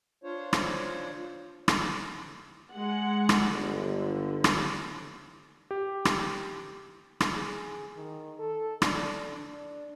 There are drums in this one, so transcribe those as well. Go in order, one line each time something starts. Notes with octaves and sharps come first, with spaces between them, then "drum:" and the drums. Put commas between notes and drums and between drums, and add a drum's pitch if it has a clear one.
D4 F4 C5 C#5
drum: rim click
drum: rim click
G#3 F#5
drum: rim click
G1 D3
drum: rim click
G4
drum: rim click
drum: rim click
G#4
D#3
A4
D4, drum: rim click
D4